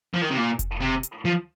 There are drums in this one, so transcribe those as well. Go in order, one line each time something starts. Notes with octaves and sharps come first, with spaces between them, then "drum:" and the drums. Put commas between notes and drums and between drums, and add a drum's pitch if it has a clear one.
F3
D#3
C3
A#2
drum: kick F1, hi-hat
C3
drum: hi-hat
F3